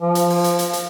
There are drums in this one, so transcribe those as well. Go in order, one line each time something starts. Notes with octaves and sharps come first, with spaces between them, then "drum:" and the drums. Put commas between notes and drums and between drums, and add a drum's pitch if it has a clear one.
F3
drum: hi-hat
drum: open hi-hat
drum: hi-hat
drum: hi-hat
drum: hi-hat